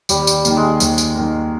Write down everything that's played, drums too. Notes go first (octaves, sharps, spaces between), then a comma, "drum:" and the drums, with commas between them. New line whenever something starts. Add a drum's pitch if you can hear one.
D#2 G3, drum: tambourine
drum: tambourine
D#3 A#3, drum: tambourine
G#3
D#2, drum: tambourine
drum: tambourine
D#3 A#3